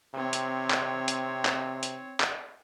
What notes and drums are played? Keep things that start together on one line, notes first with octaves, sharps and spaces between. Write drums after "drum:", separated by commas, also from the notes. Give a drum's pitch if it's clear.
C3 C4 C#5
drum: hi-hat
drum: clap
drum: hi-hat
drum: clap
drum: hi-hat
drum: clap